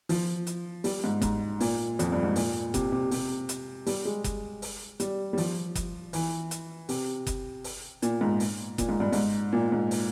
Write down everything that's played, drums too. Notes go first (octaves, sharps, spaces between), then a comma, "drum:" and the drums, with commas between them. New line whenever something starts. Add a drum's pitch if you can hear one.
F3, drum: open hi-hat
drum: hi-hat
G3, drum: open hi-hat
G#2
G#2, drum: kick F#1, hi-hat
A#2, drum: open hi-hat
F2, drum: hi-hat
G2
G#2
A#2, drum: open hi-hat
C3, drum: kick F#1, hi-hat
C3
C3, drum: open hi-hat
drum: hi-hat
G3, drum: open hi-hat
G#3
drum: kick F#1, hi-hat
drum: open hi-hat
G3, drum: hi-hat
G3
F3, drum: open hi-hat
drum: kick F#1, hi-hat
E3, drum: open hi-hat
drum: hi-hat
C3, drum: open hi-hat
drum: kick F#1, hi-hat
drum: open hi-hat
A#2, drum: hi-hat
G#2
drum: open hi-hat
A#2, drum: kick F#1, hi-hat
G#2
G2
G#2, drum: open hi-hat
A#2
G#2
drum: open hi-hat